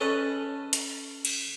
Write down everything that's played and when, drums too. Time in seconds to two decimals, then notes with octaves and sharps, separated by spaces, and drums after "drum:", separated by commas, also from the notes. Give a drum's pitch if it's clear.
0.01 C#4 A4 B4 C#5 D#5
0.73 drum: hi-hat
1.25 drum: cymbal